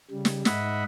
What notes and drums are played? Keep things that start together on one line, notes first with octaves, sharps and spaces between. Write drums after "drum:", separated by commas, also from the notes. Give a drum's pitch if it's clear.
C#3 G3
drum: snare
G#2 D#5 E5 F#5 B5, drum: snare